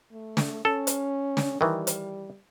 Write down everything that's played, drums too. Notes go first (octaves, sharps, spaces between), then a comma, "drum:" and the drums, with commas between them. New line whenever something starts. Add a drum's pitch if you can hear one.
A3
drum: snare
C#4 A4
drum: hi-hat
drum: snare
D#3 E3 G3
drum: hi-hat